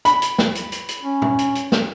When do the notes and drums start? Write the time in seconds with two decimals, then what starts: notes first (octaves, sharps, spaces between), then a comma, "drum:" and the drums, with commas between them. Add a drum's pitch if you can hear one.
0.05 B5, drum: hi-hat
0.22 drum: hi-hat
0.38 drum: snare
0.55 drum: hi-hat
0.72 drum: hi-hat
0.89 drum: hi-hat
1.02 C#4
1.22 drum: tom A#2
1.39 drum: hi-hat
1.55 drum: hi-hat
1.72 drum: snare